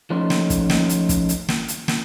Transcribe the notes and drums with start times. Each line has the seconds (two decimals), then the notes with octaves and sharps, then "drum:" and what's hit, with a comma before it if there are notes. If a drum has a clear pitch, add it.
0.10 F3 A3 C#4 D#4 C5
0.30 drum: snare
0.50 drum: kick, hi-hat
0.70 drum: snare
0.89 drum: hi-hat
1.09 drum: kick, hi-hat
1.29 drum: hi-hat
1.48 drum: snare
1.68 drum: hi-hat
1.88 drum: snare